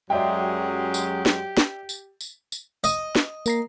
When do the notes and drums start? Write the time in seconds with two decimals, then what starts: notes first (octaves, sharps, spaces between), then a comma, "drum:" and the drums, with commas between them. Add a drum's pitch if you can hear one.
0.10 F#2 F#3 G#3 G4 D5 E5 G5
0.94 drum: tambourine
1.26 drum: snare
1.57 drum: snare
1.89 drum: tambourine
2.21 drum: tambourine
2.52 drum: tambourine
2.84 D#5, drum: tambourine
3.15 drum: snare
3.46 A#3 A#5 C7, drum: tambourine